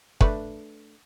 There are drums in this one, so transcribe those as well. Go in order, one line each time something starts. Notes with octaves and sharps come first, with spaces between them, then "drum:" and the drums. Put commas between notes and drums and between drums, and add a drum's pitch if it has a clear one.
A3 D4 B4, drum: kick